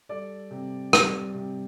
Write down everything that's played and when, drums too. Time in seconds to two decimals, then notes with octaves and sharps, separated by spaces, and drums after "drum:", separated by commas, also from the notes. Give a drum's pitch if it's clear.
0.09 G3 A4 D5
0.51 C3
0.93 G3, drum: rim click
1.34 C3